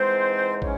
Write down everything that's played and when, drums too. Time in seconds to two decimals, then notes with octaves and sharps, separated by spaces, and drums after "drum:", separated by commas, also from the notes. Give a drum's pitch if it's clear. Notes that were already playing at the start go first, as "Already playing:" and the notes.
Already playing: G#2 E3 G#3 C4 C5
0.62 C#4 C#5, drum: kick